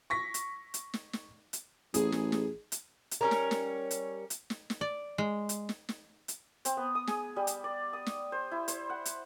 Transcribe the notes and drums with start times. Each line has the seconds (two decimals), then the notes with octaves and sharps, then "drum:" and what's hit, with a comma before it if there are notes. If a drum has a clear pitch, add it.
0.10 C#6 A#6 B6
0.34 drum: hi-hat
0.74 drum: hi-hat
0.94 drum: snare
1.13 drum: snare
1.53 drum: hi-hat
1.94 A1 G#4, drum: hi-hat
2.12 drum: snare
2.32 drum: snare
2.72 drum: hi-hat
3.11 drum: hi-hat
3.21 G3 C#4 A#4
3.31 drum: snare
3.51 drum: snare
3.91 drum: hi-hat
4.30 drum: hi-hat
4.50 drum: snare
4.70 drum: snare
4.81 D5
5.18 G#3
5.49 drum: hi-hat
5.69 drum: snare
5.89 drum: snare
6.28 drum: hi-hat
6.65 C4, drum: hi-hat
6.77 B3
6.95 D#6
7.07 G#4, drum: snare
7.36 G3
7.47 drum: hi-hat
7.64 D5
7.93 D#6
8.06 drum: snare
8.32 C5
8.51 E4
8.68 C5, drum: hi-hat
8.90 F#5
9.05 drum: hi-hat